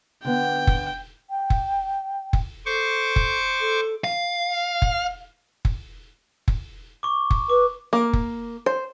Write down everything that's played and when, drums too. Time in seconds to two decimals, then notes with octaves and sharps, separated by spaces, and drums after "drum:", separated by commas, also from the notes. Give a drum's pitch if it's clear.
0.25 D3 B3 G5
0.67 drum: kick F#1
1.30 G5
1.50 drum: kick F#1
2.33 drum: kick F#1
2.66 A4 C5 C#6 D6
3.16 drum: kick F#1
3.61 A4
4.04 F5
4.82 drum: kick F#1
5.65 drum: kick F#1
6.48 drum: kick F#1
7.03 C#6 D6
7.31 drum: kick F#1
7.49 B4 D6
7.93 A#3
8.13 drum: kick F#1
8.66 C5